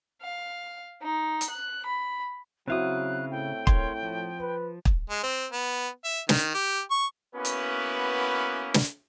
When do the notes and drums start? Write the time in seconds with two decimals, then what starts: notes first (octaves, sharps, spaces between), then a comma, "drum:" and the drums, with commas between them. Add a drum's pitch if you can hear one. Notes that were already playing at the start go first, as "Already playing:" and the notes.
0.22 F5
1.02 D#4
1.41 drum: hi-hat
1.50 F#6
1.86 B5
2.68 C#3 F#3 C4 E4 F#4 F5 D#6 F#6
3.31 A2 G5
3.67 A#4 C#5 C6, drum: kick
4.03 F3
4.39 B4
4.85 drum: kick
5.10 G#3
5.23 C4
5.52 B3
6.04 E5
6.29 D#3, drum: snare
6.55 G4
6.91 C#6
7.35 A#3 B3 C#4 E4 F#4 B4
7.45 drum: hi-hat
8.74 drum: snare